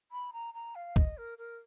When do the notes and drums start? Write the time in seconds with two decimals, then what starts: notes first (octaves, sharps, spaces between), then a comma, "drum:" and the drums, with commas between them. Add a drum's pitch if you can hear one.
0.11 B5
0.32 A#5
0.54 A#5
0.75 F5
0.96 D#5, drum: kick C2
1.17 A#4
1.38 A#4